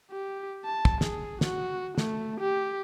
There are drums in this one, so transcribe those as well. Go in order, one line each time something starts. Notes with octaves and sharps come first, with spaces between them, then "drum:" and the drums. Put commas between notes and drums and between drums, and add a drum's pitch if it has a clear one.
G4
A5
drum: kick
G#4, drum: snare
F#4, drum: snare
A3, drum: snare
G4